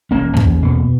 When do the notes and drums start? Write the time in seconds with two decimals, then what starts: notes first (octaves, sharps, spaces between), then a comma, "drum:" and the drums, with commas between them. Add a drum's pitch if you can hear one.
0.11 E1 A#3 C#4
0.37 E2, drum: kick
0.62 B2